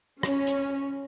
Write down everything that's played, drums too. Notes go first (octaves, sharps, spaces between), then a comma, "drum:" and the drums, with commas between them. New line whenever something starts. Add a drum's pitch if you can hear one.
C#4, drum: rim click
drum: hi-hat